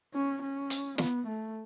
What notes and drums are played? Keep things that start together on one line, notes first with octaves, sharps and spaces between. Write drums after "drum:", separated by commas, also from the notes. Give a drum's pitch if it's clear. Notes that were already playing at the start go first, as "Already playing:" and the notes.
C#4
C#4
drum: hi-hat
B3, drum: snare
A3